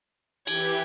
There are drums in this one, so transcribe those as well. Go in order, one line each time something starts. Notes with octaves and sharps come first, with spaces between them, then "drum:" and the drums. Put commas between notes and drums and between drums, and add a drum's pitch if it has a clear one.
E3 G4 G#6, drum: cymbal